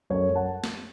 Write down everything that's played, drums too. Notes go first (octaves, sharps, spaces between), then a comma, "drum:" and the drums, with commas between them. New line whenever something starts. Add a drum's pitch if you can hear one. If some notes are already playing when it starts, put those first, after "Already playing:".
F#2 A4 C#5
F#2
F#5 A5
drum: snare